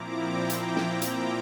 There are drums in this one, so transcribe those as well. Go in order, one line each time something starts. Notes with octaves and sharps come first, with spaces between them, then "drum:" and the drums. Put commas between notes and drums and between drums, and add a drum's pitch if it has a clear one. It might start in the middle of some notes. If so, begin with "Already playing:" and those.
Already playing: A#2 F3 C4 E4 A#5 D6
G5 A#5
A#5 D6, drum: hi-hat
drum: snare
drum: hi-hat